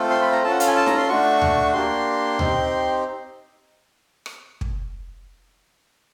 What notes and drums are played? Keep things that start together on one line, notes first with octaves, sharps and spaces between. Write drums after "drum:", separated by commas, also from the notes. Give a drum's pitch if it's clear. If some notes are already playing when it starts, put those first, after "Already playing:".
Already playing: A3 C4 F4 A4
C6
B5
A#5
C#4 F4 A4 A5
F#5
F5, drum: hi-hat
G#5
A5
A#5, drum: snare D#4
C6
A3 D4 F#4 C#6
drum: tom D2
A#3 D4 G4 C6
C4 D#4 G4, drum: tom D2
drum: rim click
drum: kick